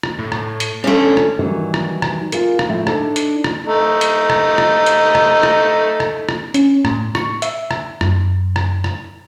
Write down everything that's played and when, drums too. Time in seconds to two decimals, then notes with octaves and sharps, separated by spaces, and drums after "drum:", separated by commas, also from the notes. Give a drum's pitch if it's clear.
0.03 drum: rim click
0.19 A2
0.32 drum: rim click
0.60 drum: hi-hat
0.84 A3 C#4 D4 E4 A4
1.17 drum: rim click
1.39 D#3 E3 F#3 G3 D#4
1.74 drum: rim click
2.02 drum: rim click
2.32 F4 G#4 A#4, drum: hi-hat
2.59 drum: rim click
2.69 A2 F3 E5 G5
2.87 D4 D#4 A4 C#5 D5, drum: rim click
3.16 drum: hi-hat
3.44 drum: rim click
3.67 A3 D#4
4.01 drum: hi-hat
4.30 drum: rim click
4.58 drum: rim click
4.86 drum: hi-hat
5.15 drum: rim click
5.43 drum: rim click
6.00 drum: rim click
6.29 drum: rim click
6.54 C#4, drum: hi-hat
6.85 A2, drum: rim click
7.15 C#6, drum: rim click
7.42 E5, drum: hi-hat
7.71 drum: rim click
8.01 F#2, drum: rim click
8.56 drum: rim click
8.84 drum: rim click